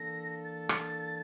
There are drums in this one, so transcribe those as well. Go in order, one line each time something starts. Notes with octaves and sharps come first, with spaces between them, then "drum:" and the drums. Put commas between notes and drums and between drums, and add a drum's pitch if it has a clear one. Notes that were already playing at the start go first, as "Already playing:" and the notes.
Already playing: E3 A#3 D4 A4 A#6
A6
drum: rim click